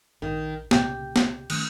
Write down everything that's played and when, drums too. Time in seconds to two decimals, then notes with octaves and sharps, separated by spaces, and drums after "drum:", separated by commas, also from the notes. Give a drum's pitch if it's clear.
0.22 A#1 D#3
0.71 C2 A#2 C#3 G4, drum: snare
1.16 drum: snare
1.50 D#3 A3 C#4, drum: cymbal